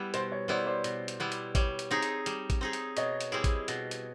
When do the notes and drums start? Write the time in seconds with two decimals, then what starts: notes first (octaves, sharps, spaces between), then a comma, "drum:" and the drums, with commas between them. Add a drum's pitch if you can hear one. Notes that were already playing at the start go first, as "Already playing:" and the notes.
Already playing: G3 B3 E4
0.14 B2 C5, drum: hi-hat
0.32 C#5
0.48 G3 B3 E4 C5 D5
0.66 C5 D5
0.84 B2, drum: hi-hat
1.08 drum: hi-hat
1.20 G3 B3 E4
1.32 drum: hi-hat
1.55 G3 C#5, drum: kick A1, hi-hat
1.79 drum: hi-hat
1.91 C4 D#4 G#4
2.03 drum: hi-hat
2.26 G3, drum: hi-hat
2.50 drum: kick A1, hi-hat
2.61 C4 D#4 G#4
2.73 drum: hi-hat
2.97 B2 C#5 D#5, drum: hi-hat
3.21 drum: hi-hat
3.32 G3 C4 E4 G#4
3.44 drum: kick A1, hi-hat
3.68 B2, drum: hi-hat
3.91 drum: hi-hat